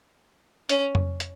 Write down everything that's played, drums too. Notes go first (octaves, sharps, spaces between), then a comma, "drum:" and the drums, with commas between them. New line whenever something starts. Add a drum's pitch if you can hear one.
C#4, drum: hi-hat
drum: tom F2
drum: hi-hat